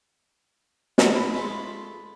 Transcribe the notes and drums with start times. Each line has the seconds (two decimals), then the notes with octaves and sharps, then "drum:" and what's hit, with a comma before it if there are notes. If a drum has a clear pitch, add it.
0.98 drum: snare
1.15 B5
1.34 G#3 A3 F4